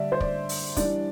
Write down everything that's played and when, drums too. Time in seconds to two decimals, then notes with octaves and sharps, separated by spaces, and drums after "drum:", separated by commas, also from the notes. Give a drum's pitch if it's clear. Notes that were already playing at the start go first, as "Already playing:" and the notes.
Already playing: D3 G3 D4 D5 E5
0.12 C5
0.20 D5, drum: kick
0.49 drum: open hi-hat
0.77 E3 G3 D4 D5, drum: kick, hi-hat